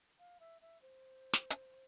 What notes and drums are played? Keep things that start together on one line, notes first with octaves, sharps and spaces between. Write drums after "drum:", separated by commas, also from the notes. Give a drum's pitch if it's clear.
F5
E5
E5
C5
drum: snare
drum: hi-hat